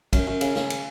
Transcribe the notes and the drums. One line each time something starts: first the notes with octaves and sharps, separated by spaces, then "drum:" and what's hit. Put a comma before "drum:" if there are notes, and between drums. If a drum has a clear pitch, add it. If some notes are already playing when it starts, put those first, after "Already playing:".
F#2, drum: kick, cymbal
F#2
C#3, drum: cymbal
C#3, drum: snare
drum: cymbal